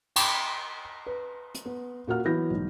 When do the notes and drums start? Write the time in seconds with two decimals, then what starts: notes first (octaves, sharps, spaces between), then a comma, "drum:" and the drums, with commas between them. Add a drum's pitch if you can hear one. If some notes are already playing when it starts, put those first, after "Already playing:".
0.16 G5 G6, drum: cymbal
1.06 B4
1.55 drum: hi-hat
1.66 B3
2.07 A#2 F#4 A#4 F#5 F6
2.25 E3 F#3 B3 E4 G6 A#6
2.50 B1 G#2